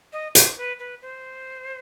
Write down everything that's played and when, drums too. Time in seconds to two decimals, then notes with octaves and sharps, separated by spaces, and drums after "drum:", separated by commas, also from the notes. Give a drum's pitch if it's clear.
0.13 D#5
0.35 C5, drum: hi-hat
0.58 B4
0.79 B4
1.02 C5